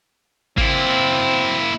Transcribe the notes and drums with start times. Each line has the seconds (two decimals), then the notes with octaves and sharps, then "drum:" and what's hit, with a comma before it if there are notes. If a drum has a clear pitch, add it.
0.58 A#3 C4 E4, drum: kick G#1